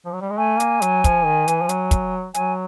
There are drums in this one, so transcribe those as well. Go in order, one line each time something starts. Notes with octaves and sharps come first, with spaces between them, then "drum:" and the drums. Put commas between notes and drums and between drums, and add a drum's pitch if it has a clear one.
F3
F#3
G3
G#3
A3 G#5
A#3, drum: hi-hat
F#3, drum: hi-hat
F3, drum: kick, hi-hat
D#3
E3, drum: hi-hat
F3
F#3, drum: hi-hat
drum: kick, hi-hat
F#3 G#5, drum: hi-hat